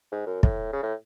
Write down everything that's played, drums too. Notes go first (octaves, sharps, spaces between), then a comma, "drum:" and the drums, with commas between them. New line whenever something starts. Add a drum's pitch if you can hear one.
G#2
F#2
A2, drum: kick
C#3
A2